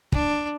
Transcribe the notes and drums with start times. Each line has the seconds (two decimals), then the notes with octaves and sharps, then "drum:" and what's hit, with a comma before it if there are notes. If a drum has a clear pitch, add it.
0.12 D4, drum: kick